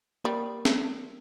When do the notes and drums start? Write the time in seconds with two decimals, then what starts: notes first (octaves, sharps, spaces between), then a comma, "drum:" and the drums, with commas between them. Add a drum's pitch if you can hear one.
0.24 G3 A#3 G4 A#4
0.65 drum: snare